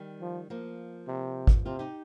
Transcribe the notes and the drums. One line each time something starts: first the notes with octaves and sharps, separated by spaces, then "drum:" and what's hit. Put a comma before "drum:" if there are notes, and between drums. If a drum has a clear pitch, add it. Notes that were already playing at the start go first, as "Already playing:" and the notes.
Already playing: D#3 G3
F3
F3 A#3
C3
drum: kick
C3 C4 F4
D#4 G4